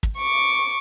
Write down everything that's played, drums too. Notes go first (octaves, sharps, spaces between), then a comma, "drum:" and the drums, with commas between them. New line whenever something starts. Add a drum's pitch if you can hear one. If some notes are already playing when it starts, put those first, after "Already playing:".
drum: kick
C#6 D6